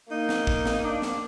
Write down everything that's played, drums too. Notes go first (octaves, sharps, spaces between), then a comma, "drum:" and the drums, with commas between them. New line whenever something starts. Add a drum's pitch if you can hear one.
A#3 D#4
drum: snare
drum: kick
drum: snare
D4
drum: snare